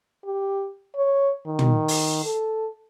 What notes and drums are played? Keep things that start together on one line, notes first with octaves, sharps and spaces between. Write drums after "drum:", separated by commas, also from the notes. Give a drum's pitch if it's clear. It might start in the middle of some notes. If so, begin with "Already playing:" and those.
G4
C#5
D#3
drum: tom
drum: open hi-hat
A4